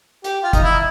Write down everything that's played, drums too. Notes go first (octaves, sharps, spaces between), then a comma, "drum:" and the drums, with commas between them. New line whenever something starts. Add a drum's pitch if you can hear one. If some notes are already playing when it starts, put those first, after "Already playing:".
G4, drum: hi-hat
F4
D#4, drum: kick, hi-hat
E4